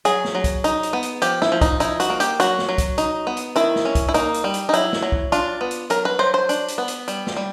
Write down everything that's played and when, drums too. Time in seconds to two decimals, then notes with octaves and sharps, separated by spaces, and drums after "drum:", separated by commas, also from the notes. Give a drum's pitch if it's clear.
0.05 F#3 G#4, drum: hi-hat
0.25 drum: snare
0.35 F#3
0.44 drum: kick, hi-hat
0.64 D#4, drum: hi-hat
0.83 drum: hi-hat
0.93 B3
1.03 drum: hi-hat
1.22 F3 G4, drum: hi-hat
1.42 E4, drum: snare
1.52 F3
1.61 D#4, drum: kick, hi-hat
1.80 D#4 E4, drum: hi-hat
2.00 F#4, drum: hi-hat
2.10 A#3
2.20 G4, drum: hi-hat
2.40 F#3 F#4, drum: hi-hat
2.59 drum: snare
2.69 F#3
2.78 drum: kick, hi-hat
2.98 D#4, drum: hi-hat
3.27 B3
3.37 drum: hi-hat
3.56 D#3 E4, drum: hi-hat
3.76 drum: snare
3.85 C#4
3.95 drum: kick, hi-hat
4.09 E4
4.14 A#3 D#4, drum: hi-hat
4.34 drum: hi-hat
4.44 G3
4.54 drum: hi-hat
4.69 D#4
4.73 F#3 E4, drum: hi-hat
4.93 drum: snare
5.02 F#3
5.12 drum: kick
5.32 D4 F4, drum: hi-hat
5.61 B3
5.71 drum: hi-hat
5.90 F#3 A#4, drum: hi-hat
6.05 B4
6.19 F#3 C5
6.34 C5
6.49 D4, drum: hi-hat
6.68 drum: hi-hat
6.78 B3
6.88 drum: hi-hat
7.08 G3, drum: hi-hat
7.27 drum: snare
7.37 G3